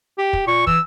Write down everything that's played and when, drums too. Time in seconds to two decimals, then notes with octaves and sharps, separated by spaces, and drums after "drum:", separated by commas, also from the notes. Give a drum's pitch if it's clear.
0.18 G4
0.33 drum: kick
0.47 A#2 C#6
0.67 E3 E6, drum: kick